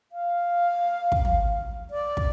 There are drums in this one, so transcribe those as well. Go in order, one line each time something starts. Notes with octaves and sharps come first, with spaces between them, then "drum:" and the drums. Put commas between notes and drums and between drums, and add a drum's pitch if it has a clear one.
F5
drum: kick
drum: tom
D5
drum: kick